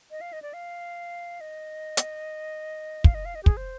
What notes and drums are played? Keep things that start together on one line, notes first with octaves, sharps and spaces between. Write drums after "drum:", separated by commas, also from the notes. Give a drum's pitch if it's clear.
D#5
F5
D#5
D5
F5
D#5
drum: hi-hat
F5, drum: kick
D#5
F5
D#5
G4
G#4, drum: kick
C5